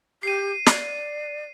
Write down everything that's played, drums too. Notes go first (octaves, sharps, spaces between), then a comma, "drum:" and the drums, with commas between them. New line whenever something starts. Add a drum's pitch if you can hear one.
G4 C7 D#7
D5, drum: snare